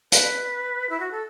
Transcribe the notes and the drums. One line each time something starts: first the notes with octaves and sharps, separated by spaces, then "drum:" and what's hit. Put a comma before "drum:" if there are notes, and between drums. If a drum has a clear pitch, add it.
B4, drum: hi-hat
E4
F#4
A4